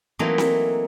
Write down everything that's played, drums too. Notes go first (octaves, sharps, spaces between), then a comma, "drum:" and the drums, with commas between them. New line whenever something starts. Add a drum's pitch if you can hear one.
E3 F#3 A3 A#3 C4 D#4
drum: snare C4